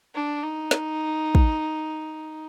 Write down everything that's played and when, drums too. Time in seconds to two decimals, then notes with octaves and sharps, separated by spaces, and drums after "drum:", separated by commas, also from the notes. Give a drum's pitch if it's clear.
0.15 D4
0.43 D#4
0.71 drum: snare
1.35 drum: kick